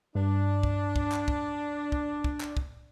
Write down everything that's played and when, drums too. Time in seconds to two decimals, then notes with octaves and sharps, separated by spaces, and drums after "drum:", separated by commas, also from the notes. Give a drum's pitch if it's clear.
0.15 G2 D4
0.63 drum: kick
0.96 drum: kick
1.12 drum: clap
1.28 drum: kick
1.92 drum: kick
2.24 drum: kick
2.40 drum: clap
2.57 drum: kick